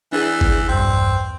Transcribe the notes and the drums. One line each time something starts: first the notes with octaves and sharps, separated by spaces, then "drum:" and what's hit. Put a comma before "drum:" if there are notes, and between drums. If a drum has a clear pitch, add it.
E3 D4 G#4
drum: kick G1
B1 E2 G2 C4